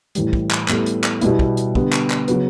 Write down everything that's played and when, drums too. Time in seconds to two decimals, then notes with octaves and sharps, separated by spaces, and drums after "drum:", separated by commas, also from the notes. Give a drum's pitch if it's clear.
0.15 A2 E3 G3, drum: hi-hat
0.33 drum: kick
0.51 drum: clap
0.68 A2 G3 B3 E4 A4, drum: clap
0.86 drum: hi-hat
1.04 drum: clap
1.21 B2 G3 B3 E4, drum: hi-hat
1.39 drum: kick
1.57 drum: hi-hat
1.75 D3 G3 B3, drum: kick
1.93 drum: clap
2.10 drum: clap
2.28 C#3 F#3 B3 F#4 B4, drum: hi-hat